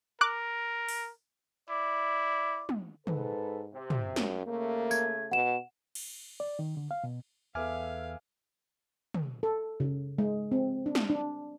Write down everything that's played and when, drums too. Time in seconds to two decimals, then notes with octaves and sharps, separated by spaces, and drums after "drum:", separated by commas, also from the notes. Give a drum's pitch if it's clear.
0.21 A#4 D6 F#6
0.88 drum: open hi-hat
1.69 E4 D5
2.69 drum: tom
3.07 G#2 A4 B4, drum: tom
3.74 C3
3.90 drum: tom
4.16 F#2, drum: snare
4.47 C#3 A3 A#3
4.91 G#6, drum: tambourine
5.31 B2 F#5 E7
5.95 drum: cymbal
6.40 D5
6.59 D#3
6.77 D3
6.91 F5
7.04 B2
7.55 E2 A4 B4 E5 F5 G#5 D6 F6
9.14 drum: tom
9.43 A4
9.80 C#3
10.18 G#3
10.52 C4
10.86 D4
10.95 drum: snare
11.10 D4